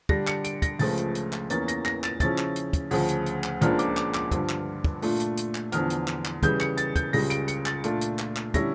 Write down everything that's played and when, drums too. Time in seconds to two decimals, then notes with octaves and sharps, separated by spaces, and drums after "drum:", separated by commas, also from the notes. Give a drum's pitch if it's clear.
0.09 D3 G3 D4 A#6, drum: kick
0.27 C#7, drum: clap
0.44 D7, drum: hi-hat
0.62 A#6, drum: kick, hi-hat
0.79 C#2 C#3 F3 A3 A6, drum: open hi-hat
0.97 drum: hi-hat
1.15 drum: hi-hat
1.33 drum: clap
1.50 E2 E3 A#3 C#4 A6, drum: hi-hat
1.68 A#6, drum: hi-hat
1.85 A#6, drum: clap
2.04 A6, drum: clap
2.20 C#3 F3 C#4 E4 A6, drum: kick, hi-hat
2.38 drum: clap
2.56 drum: hi-hat
2.73 drum: kick, hi-hat
2.91 D2 C#3 F3, drum: open hi-hat
3.09 drum: hi-hat
3.26 drum: hi-hat
3.44 drum: clap
3.61 C#2 C#3 F3 A#3 D4 F6, drum: hi-hat
3.79 D6, drum: hi-hat
3.97 D6, drum: clap
4.14 D6, drum: clap
4.31 G2 D3 F3, drum: kick, hi-hat
4.49 drum: clap
4.84 drum: kick
5.02 A#2 A3 D4 F4, drum: open hi-hat
5.20 drum: hi-hat
5.37 drum: hi-hat
5.55 drum: clap
5.72 E2 D3 F3 F6, drum: hi-hat
5.90 drum: hi-hat
6.08 drum: clap
6.25 drum: clap
6.43 C#3 E3 G3 G6, drum: kick, hi-hat
6.60 C#7, drum: clap
6.77 A6, drum: hi-hat
6.96 G6, drum: kick, hi-hat
7.13 C#2 C#3 G3 A#6, drum: open hi-hat
7.30 D7, drum: hi-hat
7.48 C#7, drum: hi-hat
7.66 A6, drum: clap
7.84 A#2 A3 D4 F4, drum: hi-hat
8.01 drum: hi-hat
8.19 drum: clap
8.36 drum: clap
8.54 D3 G3 C#4 E4 A#6, drum: kick, hi-hat